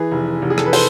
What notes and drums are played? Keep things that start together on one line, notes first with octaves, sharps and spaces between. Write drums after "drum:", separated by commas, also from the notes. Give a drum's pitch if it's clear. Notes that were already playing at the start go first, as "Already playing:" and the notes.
Already playing: E3 G#4 B4
F1
F1
G#4
A4, drum: rim click
B4
A4 C5, drum: open hi-hat